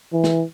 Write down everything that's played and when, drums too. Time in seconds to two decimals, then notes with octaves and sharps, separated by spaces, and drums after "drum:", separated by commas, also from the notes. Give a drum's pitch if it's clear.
0.13 E3
0.24 drum: snare